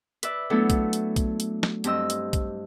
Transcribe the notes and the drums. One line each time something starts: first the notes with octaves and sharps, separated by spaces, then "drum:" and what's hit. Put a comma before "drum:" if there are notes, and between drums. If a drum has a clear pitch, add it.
B4 D5 E5, drum: hi-hat
F#3 A3 B3 D4 E4 A4
drum: kick, hi-hat
drum: hi-hat
drum: kick, hi-hat
drum: hi-hat
drum: snare
G2 C4 D#5 E6, drum: hi-hat
drum: hi-hat
drum: kick, hi-hat